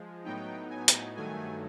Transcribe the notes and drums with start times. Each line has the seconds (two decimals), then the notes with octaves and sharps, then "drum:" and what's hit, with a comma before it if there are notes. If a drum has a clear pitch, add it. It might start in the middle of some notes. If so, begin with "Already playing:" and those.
Already playing: F3 G#3
0.24 A2 F#3 B3 D#4 G5
0.70 G#5
0.88 drum: hi-hat
1.16 G2 D#3 F#3 A3 G#5